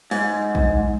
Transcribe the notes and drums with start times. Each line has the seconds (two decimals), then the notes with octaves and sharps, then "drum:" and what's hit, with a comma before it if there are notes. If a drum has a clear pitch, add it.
0.11 G#2, drum: open hi-hat
0.55 drum: kick A#1